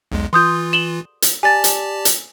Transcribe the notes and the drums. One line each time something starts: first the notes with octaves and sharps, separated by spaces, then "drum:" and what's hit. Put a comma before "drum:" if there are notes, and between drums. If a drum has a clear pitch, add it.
B1 E2 G#3
E3 F4 C6 D#6 G6
E7 F#7 G7
drum: hi-hat
G4 D5 G#5 A5 A6
drum: hi-hat
drum: hi-hat